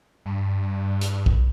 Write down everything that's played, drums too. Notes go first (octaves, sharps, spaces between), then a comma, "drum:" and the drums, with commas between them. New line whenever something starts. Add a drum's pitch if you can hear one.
G2
drum: hi-hat
drum: kick B1